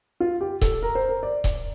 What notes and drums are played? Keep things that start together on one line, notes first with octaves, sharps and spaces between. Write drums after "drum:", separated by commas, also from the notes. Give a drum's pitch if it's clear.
F4
G4
A4, drum: kick D#1, hi-hat
A#4
C5
A#4
D5
drum: kick D#1, hi-hat